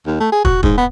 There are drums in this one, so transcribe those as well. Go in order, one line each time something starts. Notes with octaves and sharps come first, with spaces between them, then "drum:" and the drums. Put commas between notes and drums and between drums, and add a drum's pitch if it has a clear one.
D#2
A3
G#4
F#4, drum: kick
G#2, drum: kick
B3